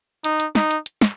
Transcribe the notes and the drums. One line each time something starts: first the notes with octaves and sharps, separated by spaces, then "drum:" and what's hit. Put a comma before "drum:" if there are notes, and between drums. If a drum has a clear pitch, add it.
D#4, drum: hi-hat
drum: hi-hat
D#4, drum: snare
drum: hi-hat
drum: hi-hat
drum: snare